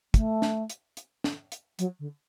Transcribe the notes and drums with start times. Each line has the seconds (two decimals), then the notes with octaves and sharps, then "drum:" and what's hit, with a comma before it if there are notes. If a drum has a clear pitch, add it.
0.14 A3, drum: kick, hi-hat
0.42 drum: snare
0.69 drum: hi-hat
0.97 drum: hi-hat
1.24 drum: snare
1.52 drum: hi-hat
1.79 F#3, drum: hi-hat
1.99 D3